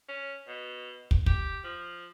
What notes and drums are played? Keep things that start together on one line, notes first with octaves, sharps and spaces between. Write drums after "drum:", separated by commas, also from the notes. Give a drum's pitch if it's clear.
C#4
B2
drum: kick
G4, drum: kick
F3